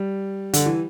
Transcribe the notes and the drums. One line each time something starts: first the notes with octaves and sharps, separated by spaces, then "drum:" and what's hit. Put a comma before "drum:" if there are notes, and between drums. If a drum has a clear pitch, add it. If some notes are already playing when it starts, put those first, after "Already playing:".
Already playing: G3
D3, drum: hi-hat
E3